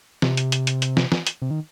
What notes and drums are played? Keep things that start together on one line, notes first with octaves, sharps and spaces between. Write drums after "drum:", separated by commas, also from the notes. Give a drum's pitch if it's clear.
C3, drum: snare
drum: hi-hat
drum: hi-hat
drum: hi-hat
drum: hi-hat
drum: snare
drum: snare
drum: hi-hat
C3
D#3